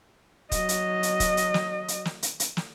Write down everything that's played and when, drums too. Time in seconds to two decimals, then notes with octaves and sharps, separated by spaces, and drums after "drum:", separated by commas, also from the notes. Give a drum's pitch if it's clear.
0.52 F#3 D#5, drum: kick, hi-hat
0.69 drum: hi-hat
1.03 drum: hi-hat
1.20 drum: kick, hi-hat
1.37 drum: hi-hat
1.54 drum: snare
1.88 drum: hi-hat
2.05 drum: snare
2.23 drum: hi-hat
2.40 drum: hi-hat
2.57 drum: snare